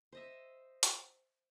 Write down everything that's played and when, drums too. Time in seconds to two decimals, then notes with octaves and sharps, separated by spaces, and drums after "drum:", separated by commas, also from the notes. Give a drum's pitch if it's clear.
0.12 C5 D#5 E5
0.83 drum: hi-hat